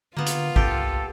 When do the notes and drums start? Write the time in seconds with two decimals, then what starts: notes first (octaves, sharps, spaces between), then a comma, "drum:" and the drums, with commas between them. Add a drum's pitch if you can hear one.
0.17 D3 A#3 B3 F4
0.26 drum: hi-hat
0.56 C2 G4 A4, drum: kick G#1